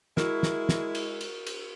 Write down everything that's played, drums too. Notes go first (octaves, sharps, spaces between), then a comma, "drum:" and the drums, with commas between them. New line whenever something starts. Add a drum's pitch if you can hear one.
G#3 E4 F#4 A#4, drum: snare
drum: snare
drum: snare
drum: cymbal
drum: cymbal
drum: cymbal